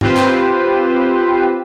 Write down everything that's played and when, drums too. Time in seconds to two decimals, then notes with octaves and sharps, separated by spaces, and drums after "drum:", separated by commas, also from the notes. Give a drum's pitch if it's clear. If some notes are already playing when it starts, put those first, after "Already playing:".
0.01 C4 F4 G4 B4 C5, drum: tom G2
0.17 drum: clap